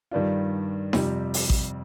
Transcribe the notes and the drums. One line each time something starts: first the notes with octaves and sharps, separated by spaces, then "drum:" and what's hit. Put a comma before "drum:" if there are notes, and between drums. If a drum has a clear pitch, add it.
G2 D#3 G3 D4 F4
F2 C3 G3, drum: snare D#4
drum: open hi-hat
drum: kick A1